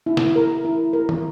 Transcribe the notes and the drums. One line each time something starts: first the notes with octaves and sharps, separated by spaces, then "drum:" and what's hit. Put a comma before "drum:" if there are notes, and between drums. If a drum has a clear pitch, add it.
E4
drum: snare
A#4
E4
A#4
drum: tom